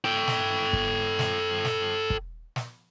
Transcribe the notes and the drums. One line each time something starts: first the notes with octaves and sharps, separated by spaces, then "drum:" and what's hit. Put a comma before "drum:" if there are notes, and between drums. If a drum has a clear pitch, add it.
A4 G5
drum: snare
drum: kick
drum: snare
drum: snare
drum: kick
drum: snare